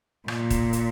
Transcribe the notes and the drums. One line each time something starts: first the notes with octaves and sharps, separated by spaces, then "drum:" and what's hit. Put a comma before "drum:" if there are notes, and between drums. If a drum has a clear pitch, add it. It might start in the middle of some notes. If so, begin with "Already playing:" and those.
A#2, drum: rim click
drum: kick D#1, hi-hat
drum: hi-hat